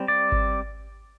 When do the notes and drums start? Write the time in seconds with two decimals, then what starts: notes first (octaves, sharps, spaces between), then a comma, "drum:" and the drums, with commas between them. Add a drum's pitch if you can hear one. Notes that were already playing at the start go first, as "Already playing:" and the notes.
Already playing: G3 C4
0.08 D5
0.32 drum: kick G#1